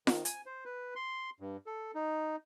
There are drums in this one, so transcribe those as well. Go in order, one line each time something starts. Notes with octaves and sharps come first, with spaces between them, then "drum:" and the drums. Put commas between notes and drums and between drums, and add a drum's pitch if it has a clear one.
D#3, drum: snare F4
G#5, drum: hi-hat
C5
B4
C6
G2
A4
D#4